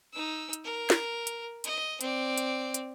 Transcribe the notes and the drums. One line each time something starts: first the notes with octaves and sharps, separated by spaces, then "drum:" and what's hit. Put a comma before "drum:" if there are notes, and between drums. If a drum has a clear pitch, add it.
D#4 E6
drum: hi-hat
A#4
drum: snare
drum: hi-hat
D#5, drum: hi-hat
C4 D5, drum: hi-hat
drum: hi-hat
drum: hi-hat